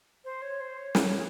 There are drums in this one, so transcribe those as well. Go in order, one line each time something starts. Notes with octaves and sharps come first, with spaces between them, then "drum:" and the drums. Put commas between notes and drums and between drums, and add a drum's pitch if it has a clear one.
C5
C#5
C5
C#5
C#5, drum: snare